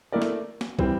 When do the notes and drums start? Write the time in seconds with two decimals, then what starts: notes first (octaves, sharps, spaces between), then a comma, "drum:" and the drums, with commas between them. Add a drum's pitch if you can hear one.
0.12 A3 E4 A#4 D5
0.22 drum: snare
0.61 drum: snare
0.79 E3 G3 C4, drum: kick